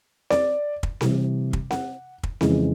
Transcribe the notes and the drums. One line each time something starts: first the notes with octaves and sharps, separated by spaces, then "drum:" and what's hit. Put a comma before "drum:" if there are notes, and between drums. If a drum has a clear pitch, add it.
D5, drum: snare C4
drum: kick
C3 E3 G3, drum: snare C4
drum: kick
F#5, drum: snare C4
drum: kick
F2 C#3 E3 G#3, drum: snare C4